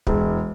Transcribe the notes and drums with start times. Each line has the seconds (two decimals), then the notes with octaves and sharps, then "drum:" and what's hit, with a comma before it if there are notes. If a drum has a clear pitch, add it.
0.07 E1, drum: kick